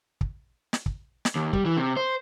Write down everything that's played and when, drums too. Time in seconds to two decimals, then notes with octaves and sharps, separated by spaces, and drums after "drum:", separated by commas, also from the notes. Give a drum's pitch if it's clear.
0.21 drum: kick
0.73 drum: snare
0.86 drum: kick
1.25 drum: snare
1.35 D#2
1.53 G3, drum: kick
1.65 E3
1.77 C3
1.97 C5